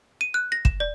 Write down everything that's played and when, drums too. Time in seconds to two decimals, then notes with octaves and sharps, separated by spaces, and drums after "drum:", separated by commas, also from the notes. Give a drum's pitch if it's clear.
0.21 D#7
0.34 F#6
0.52 A#6
0.65 E7, drum: kick
0.80 D5